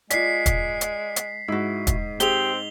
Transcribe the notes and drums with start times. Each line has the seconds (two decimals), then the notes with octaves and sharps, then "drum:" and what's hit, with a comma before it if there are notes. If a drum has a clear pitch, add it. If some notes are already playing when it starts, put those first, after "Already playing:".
0.10 G#3 F4 D5 B6 C7, drum: hi-hat
0.46 drum: kick, hi-hat
0.81 drum: hi-hat
1.16 drum: hi-hat
1.48 G#2 E4 F#4
1.87 drum: kick, hi-hat
2.20 C4 G4 G#4 F7 G7, drum: hi-hat